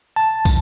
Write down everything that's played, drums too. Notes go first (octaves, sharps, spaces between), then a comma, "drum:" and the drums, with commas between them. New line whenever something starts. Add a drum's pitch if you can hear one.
A5
drum: kick, tambourine